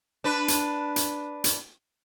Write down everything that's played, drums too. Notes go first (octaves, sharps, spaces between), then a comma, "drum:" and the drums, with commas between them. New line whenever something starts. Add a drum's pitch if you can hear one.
D4 B4
drum: hi-hat
drum: hi-hat
drum: hi-hat